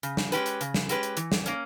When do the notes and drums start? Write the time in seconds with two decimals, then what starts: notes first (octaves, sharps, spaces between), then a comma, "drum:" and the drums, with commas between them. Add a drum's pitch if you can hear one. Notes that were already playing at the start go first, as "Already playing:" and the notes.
0.03 C#3, drum: hi-hat
0.17 drum: snare
0.32 G#3 C#4 G4 B4, drum: hi-hat
0.46 drum: hi-hat
0.61 C#3, drum: hi-hat
0.74 drum: snare
0.89 G#3 C#4 G4 B4, drum: hi-hat
1.03 drum: hi-hat
1.17 E3, drum: hi-hat
1.32 drum: snare
1.46 A#3 C#4, drum: hi-hat